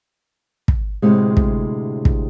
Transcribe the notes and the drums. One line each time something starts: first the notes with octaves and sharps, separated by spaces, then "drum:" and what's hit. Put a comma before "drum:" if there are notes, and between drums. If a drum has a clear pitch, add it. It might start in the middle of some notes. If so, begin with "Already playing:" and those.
drum: kick
D2 A2 C3 G#3
drum: kick
drum: kick